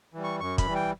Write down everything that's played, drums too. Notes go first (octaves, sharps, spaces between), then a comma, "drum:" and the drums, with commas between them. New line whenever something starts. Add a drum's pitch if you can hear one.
E3 G3
C#6
F#2 C#6
B5, drum: kick, hi-hat
E3 G3
G5